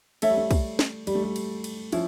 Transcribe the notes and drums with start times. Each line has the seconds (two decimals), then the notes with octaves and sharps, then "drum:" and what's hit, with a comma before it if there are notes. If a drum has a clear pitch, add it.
0.22 A3 A4 C#5 E5, drum: cymbal
0.30 G3
0.37 A3
0.51 drum: kick, cymbal
0.79 drum: snare
1.07 G3, drum: cymbal
1.15 A3
1.23 G3
1.36 drum: cymbal
1.64 drum: cymbal
1.92 F3 C#4 E4, drum: cymbal